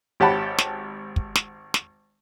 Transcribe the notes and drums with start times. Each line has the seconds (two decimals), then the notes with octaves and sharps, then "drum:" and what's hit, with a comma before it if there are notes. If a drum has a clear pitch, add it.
0.20 G#1 G4 C#5 F#5 A5 B5
0.58 drum: snare
1.16 drum: kick
1.35 drum: snare
1.74 drum: snare